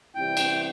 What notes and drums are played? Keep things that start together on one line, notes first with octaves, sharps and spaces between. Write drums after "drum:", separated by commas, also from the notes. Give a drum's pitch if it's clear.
C3 E3 G3 C4 E4 G5
drum: cymbal